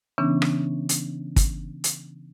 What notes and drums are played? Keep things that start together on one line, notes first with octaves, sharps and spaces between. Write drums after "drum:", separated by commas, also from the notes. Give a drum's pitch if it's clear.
C#3 E3 B3 C#4 D4
drum: rim click
drum: hi-hat
drum: kick, hi-hat
drum: hi-hat